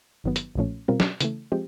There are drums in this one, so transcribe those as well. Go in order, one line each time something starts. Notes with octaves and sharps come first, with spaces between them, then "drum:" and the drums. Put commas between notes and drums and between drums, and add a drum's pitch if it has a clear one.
G1 G2 D#3 F#3 B3
drum: hi-hat
B1 A#2 F3 A3 C#4
B2 G3 C4 F4 A#4
drum: snare
C#3 E3 A3, drum: hi-hat
F3 G#3 C4 G4